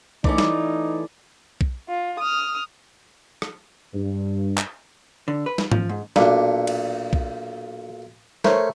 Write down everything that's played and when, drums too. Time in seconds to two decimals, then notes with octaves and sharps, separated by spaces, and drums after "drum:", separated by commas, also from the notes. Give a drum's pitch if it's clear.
0.24 E3 A3 C#4 D#4 D5, drum: kick B1
0.38 drum: snare
1.61 drum: kick B1
1.89 F4
2.19 D#6 F6
3.42 drum: rim click
3.94 G2
4.58 drum: clap
5.28 D3
5.46 B4
5.58 drum: snare
5.72 F3, drum: tom G#2
5.89 G#2
6.16 B1 A#2 D4, drum: snare
6.67 drum: cymbal
7.13 drum: kick B1
8.44 A3 A#4 C5 C#5, drum: snare